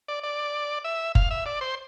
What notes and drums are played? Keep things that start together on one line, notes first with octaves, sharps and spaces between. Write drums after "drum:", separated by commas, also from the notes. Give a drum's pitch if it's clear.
D5
D5
E5
F5, drum: kick F#1
E5
D5
C5